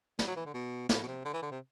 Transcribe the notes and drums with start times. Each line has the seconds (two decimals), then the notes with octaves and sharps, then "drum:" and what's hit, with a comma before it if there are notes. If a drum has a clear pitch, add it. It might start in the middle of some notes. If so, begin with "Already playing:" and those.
0.19 G3, drum: snare
0.27 F#3
0.36 E3
0.46 D3
0.54 B2
0.89 A2, drum: snare
1.03 B2
1.07 C3
1.25 D3
1.33 E3
1.42 D3
1.51 C3